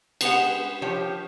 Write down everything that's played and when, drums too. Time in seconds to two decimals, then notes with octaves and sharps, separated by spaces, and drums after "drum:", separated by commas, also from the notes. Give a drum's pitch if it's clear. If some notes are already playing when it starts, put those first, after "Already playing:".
0.21 G#3 B3 G4 F#5, drum: cymbal
0.82 F3 G4 C#5